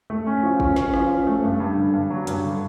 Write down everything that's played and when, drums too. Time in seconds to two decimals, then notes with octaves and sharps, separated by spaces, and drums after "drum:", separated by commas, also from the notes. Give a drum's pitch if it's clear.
0.10 A3
0.27 C#4
0.43 F3
0.60 C#4, drum: kick
0.76 C#4, drum: snare
0.94 F3, drum: rim click
1.10 C#4
1.27 A3
1.44 G2
1.60 G2
1.77 D3
1.94 G2
2.10 F#3
2.27 G2, drum: hi-hat
2.44 D3